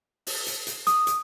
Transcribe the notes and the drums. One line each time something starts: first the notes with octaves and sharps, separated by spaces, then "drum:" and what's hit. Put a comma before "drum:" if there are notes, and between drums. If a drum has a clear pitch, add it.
drum: open hi-hat
drum: hi-hat
drum: hi-hat
D#6, drum: hi-hat
drum: hi-hat